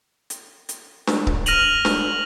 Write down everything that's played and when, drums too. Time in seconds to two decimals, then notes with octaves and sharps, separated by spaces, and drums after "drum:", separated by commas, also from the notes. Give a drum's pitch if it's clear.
0.30 drum: hi-hat
0.69 drum: hi-hat
1.07 drum: snare D4
1.27 drum: kick C#1
1.46 F6 A#6 D#7 F7 F#7, drum: hi-hat
1.85 drum: snare D4